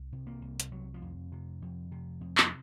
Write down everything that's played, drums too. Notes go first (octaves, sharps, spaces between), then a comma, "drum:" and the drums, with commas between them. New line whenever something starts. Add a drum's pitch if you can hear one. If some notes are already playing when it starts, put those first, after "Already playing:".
Already playing: C2
C3
A#3
C2
drum: hi-hat
C3 F#3
F3
F2
C3
F2
C3
F2
drum: clap